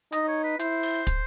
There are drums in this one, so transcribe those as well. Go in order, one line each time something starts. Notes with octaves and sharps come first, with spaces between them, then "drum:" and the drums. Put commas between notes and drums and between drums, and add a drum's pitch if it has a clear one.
D#4 D#5, drum: hi-hat
C#5
B4
E4 C5, drum: hi-hat
drum: open hi-hat
drum: kick, hi-hat